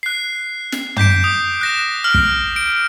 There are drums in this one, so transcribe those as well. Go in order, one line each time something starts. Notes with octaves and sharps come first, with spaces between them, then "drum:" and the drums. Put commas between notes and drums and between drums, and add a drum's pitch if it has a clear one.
F#6 C7
drum: snare
D6 G6 B6 D7, drum: tom
D#6
F#6 A#6 E7
F6 F#7
drum: kick
D7